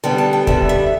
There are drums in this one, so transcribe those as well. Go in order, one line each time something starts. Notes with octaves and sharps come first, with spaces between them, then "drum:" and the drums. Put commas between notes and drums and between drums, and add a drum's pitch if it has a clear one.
D3 G3 B3 G5
A5
G5
D3 G3 B3 E5, drum: kick
E5